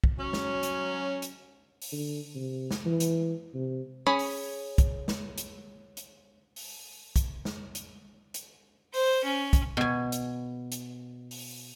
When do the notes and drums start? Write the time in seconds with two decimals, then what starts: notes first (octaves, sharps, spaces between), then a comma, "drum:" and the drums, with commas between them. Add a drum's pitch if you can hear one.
0.04 drum: kick
0.19 F#3 C#4
0.33 drum: snare
0.63 drum: hi-hat
1.22 drum: hi-hat
1.82 drum: open hi-hat
1.92 D3
2.35 C3
2.71 drum: snare
2.86 E3
3.00 drum: hi-hat
3.54 C3
4.07 C#4 G#4 B5
4.19 drum: open hi-hat
4.78 drum: kick, hi-hat
5.08 drum: snare
5.38 drum: hi-hat
5.97 drum: hi-hat
6.56 drum: open hi-hat
7.16 drum: kick, hi-hat
7.45 drum: snare
7.75 drum: hi-hat
8.34 drum: hi-hat
8.94 C5, drum: open hi-hat
9.24 C#4
9.53 drum: kick, hi-hat
9.77 B2 G#5
10.12 drum: hi-hat
10.72 drum: hi-hat
11.31 drum: open hi-hat